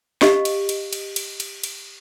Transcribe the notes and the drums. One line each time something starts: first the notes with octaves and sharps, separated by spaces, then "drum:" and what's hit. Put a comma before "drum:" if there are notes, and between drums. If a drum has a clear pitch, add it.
G4 D#5 F5, drum: snare
drum: cymbal
drum: cymbal
drum: cymbal
drum: cymbal
drum: cymbal
drum: cymbal